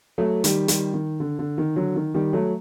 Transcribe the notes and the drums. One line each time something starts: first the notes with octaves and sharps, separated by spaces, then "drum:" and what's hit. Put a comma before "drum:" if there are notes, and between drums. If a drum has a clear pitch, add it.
F#3 A3
D#3 G3, drum: hi-hat
D#3 G3, drum: hi-hat
D#3
D3
D3
D#3
D3 F#3
D#3
D#3 G3
F#3 A3